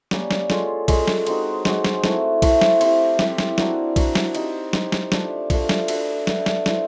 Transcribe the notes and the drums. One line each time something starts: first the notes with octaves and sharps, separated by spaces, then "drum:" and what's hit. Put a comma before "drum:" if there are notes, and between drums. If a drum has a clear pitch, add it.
G3 A#3 C#4, drum: snare
drum: snare
G#3 C#4 F4 A4, drum: snare
G#3 C#4 F4 A4, drum: kick B1, cymbal
drum: snare
G#3 C4 D#4 F#4, drum: cymbal
G#3 C4 D#4 F#4, drum: snare
drum: snare
A3 C4 E4 A4, drum: snare
A3 C4 E4 A4, drum: kick B1, cymbal
drum: snare
C4 E4 G4, drum: cymbal
C4 E4 G4, drum: snare
drum: snare
D4 F#4 A#4, drum: snare
D4 F#4 A#4, drum: kick B1, cymbal
drum: snare
C4 D#4 G4, drum: cymbal
C4 D#4 G4, drum: snare
drum: snare
A3 D4 F4, drum: snare
A3 D4 F4, drum: kick B1, cymbal
drum: snare
D4 F#4 B4 E5, drum: cymbal
D4 F#4 B4 E5, drum: snare
drum: snare
E4 A4 C5, drum: snare